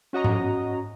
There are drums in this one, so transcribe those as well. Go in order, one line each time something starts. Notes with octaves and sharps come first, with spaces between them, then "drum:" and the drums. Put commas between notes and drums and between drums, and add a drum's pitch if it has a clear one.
C#4 F#4 D#5 A#5
drum: tom G#2